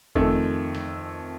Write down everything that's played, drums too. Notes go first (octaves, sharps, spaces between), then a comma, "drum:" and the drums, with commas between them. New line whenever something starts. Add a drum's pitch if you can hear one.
F2 D#3 A3, drum: kick F#1
drum: snare